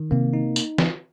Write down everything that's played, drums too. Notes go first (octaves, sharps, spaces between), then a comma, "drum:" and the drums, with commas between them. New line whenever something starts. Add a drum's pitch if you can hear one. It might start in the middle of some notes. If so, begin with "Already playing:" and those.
Already playing: D#3
C3 A#3
D#4
drum: tambourine
drum: snare